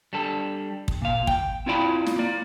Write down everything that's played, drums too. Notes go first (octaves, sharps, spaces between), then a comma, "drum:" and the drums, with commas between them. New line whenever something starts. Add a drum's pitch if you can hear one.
G3 D4 A4
drum: kick
A#2 F5
G5, drum: kick
C4 E4 F4 D5 B5
drum: snare
A#3 D5